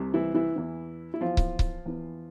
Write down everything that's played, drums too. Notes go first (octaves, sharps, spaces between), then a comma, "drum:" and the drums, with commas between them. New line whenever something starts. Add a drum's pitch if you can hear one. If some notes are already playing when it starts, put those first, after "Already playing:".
Already playing: C2 C3
E3 E4
E3 E4
E2 E3
E4
E2 E3 F3 F4
drum: kick
drum: kick
E2 E3